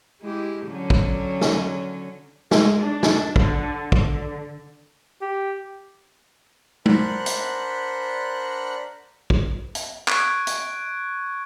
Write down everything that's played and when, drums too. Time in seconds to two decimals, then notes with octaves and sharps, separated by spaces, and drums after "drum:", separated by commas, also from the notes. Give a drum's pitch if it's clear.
0.21 G#3 E4 G4
0.68 D3 F#3 C#4
0.90 drum: kick
1.41 drum: snare
2.51 G#3, drum: snare
2.83 D4
3.03 drum: snare
3.36 D3, drum: kick
3.92 D3, drum: kick
5.21 G4
6.86 D4 A#4 C5 F#5 B5 F#6, drum: tom G#3
7.26 drum: hi-hat
9.30 drum: kick
9.75 drum: hi-hat
10.08 C#6 F#6 G#6 D7, drum: clap
10.47 drum: hi-hat